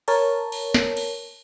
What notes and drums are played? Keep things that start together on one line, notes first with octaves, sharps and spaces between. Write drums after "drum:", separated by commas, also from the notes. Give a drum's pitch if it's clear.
A#4 C#5 A5, drum: cymbal
drum: cymbal
drum: snare
drum: cymbal